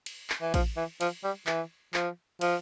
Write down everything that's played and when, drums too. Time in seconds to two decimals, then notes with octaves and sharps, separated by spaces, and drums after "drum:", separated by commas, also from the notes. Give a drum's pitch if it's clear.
0.06 drum: cymbal
0.30 drum: clap
0.42 E3
0.54 F3, drum: kick A1, cymbal
0.77 E3
1.01 F3, drum: cymbal
1.24 G3
1.47 E3, drum: clap
1.94 F3, drum: clap
2.41 F3, drum: cymbal